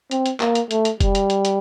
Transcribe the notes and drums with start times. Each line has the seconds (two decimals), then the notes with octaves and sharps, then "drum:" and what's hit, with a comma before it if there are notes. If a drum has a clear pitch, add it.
0.11 C4, drum: hi-hat
0.26 drum: hi-hat
0.40 A#3, drum: clap
0.55 drum: hi-hat
0.71 A3, drum: hi-hat
0.85 drum: hi-hat
1.00 G3, drum: kick F1, hi-hat
1.15 drum: hi-hat
1.30 drum: hi-hat
1.45 drum: hi-hat